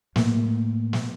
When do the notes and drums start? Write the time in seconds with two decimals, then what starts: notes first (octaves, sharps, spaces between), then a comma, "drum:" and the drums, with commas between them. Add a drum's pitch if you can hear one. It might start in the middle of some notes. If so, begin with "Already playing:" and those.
0.16 A2 A#3, drum: snare
0.93 drum: snare